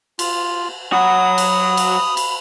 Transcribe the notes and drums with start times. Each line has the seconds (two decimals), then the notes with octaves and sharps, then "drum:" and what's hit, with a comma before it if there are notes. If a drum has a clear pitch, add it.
0.19 F4, drum: cymbal
0.92 F#3 F#4 B5 D#6
1.38 drum: cymbal
1.77 drum: cymbal
2.17 drum: cymbal